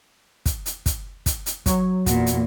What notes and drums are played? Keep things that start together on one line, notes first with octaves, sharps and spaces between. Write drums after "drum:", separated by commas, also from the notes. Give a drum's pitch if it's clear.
drum: kick, hi-hat
drum: hi-hat
drum: kick, hi-hat
drum: kick, hi-hat
drum: hi-hat
F#3 C#5, drum: kick, hi-hat
E2 A#2 F#4, drum: kick, hi-hat
drum: hi-hat